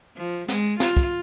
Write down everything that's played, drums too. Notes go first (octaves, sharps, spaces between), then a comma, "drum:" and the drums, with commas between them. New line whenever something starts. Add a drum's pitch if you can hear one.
F3
G#3, drum: snare
F4, drum: snare
drum: kick